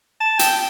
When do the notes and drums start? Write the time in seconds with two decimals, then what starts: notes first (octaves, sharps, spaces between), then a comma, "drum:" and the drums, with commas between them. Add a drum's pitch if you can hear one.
0.21 A5
0.39 G5, drum: hi-hat